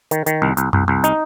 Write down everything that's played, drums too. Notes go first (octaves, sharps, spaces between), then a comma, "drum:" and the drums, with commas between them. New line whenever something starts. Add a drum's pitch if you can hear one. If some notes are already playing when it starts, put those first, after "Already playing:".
D#3, drum: hi-hat
D#3, drum: hi-hat
C2
C2, drum: hi-hat
C2, drum: tom F#2
C2
D#4, drum: hi-hat